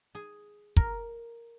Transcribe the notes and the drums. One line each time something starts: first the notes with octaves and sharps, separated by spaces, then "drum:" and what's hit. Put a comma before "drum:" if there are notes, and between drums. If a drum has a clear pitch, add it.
G#4
A#4, drum: kick